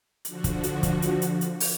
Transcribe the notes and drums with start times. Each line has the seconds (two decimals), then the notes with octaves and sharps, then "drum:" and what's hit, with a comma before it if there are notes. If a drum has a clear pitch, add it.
0.25 D3 F3 F#4, drum: hi-hat
0.44 drum: kick, hi-hat
0.63 drum: hi-hat
0.83 drum: kick, hi-hat
1.02 drum: hi-hat
1.22 drum: hi-hat
1.41 drum: hi-hat
1.60 drum: open hi-hat